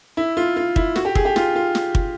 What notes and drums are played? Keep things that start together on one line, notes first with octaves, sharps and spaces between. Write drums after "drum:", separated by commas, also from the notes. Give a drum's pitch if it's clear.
E4
F4
F4
E4, drum: kick
F#4, drum: snare
G4
G#4, drum: kick
G4
F4, drum: snare
F4
drum: snare
drum: kick